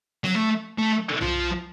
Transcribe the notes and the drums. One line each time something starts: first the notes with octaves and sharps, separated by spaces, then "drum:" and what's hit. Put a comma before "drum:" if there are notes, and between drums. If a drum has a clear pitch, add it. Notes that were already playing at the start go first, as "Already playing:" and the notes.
F#3, drum: snare C4
A3
A3
F3, drum: tom B1